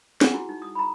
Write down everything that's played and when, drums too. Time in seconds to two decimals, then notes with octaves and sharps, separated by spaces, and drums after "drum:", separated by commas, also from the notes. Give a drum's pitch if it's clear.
0.21 G#4 F#5 G#5, drum: snare
0.34 E4 F#4
0.49 D#4
0.62 D#6
0.75 A#5 B5